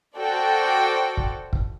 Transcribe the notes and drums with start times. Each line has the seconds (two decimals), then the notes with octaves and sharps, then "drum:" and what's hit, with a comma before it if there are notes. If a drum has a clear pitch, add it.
0.17 F#4 A4 C5 D5 G5
1.17 drum: kick
1.53 drum: kick